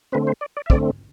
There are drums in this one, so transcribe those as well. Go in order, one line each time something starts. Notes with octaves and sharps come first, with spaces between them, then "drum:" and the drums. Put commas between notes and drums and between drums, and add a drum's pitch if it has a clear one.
D3 A3 C4 B4
C5
D5
D5
E5
D3 A3 C4 D5, drum: kick